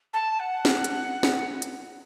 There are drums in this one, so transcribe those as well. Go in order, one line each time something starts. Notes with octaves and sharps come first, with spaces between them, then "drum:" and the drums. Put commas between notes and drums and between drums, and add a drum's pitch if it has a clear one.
A5
F#5
drum: snare
drum: hi-hat
drum: snare
drum: hi-hat